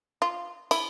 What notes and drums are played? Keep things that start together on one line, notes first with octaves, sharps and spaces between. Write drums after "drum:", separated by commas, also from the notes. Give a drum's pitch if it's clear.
F4
E4, drum: cymbal